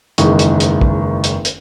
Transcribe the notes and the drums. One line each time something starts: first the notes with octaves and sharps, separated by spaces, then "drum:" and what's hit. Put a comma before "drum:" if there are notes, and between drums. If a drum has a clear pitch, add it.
F#1 E2 D#3 G#3 C#6, drum: hi-hat
drum: hi-hat
drum: hi-hat
drum: kick
drum: hi-hat
drum: hi-hat